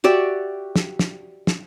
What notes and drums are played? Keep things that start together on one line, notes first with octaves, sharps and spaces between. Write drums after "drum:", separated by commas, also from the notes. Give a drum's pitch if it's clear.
F#4 G4 D5 E5
drum: snare
drum: snare
drum: snare